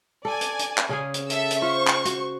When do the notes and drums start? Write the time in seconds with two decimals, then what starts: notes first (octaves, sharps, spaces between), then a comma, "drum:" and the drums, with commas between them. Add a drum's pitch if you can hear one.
0.25 A4 D5 G#5
0.41 drum: hi-hat
0.59 drum: hi-hat
0.77 drum: clap
0.89 C#3 C#4 G#4
1.14 drum: hi-hat
1.30 A4 E5 E6, drum: hi-hat
1.51 drum: hi-hat
1.62 F4 C5 C#6
1.87 drum: clap
2.05 F#4, drum: hi-hat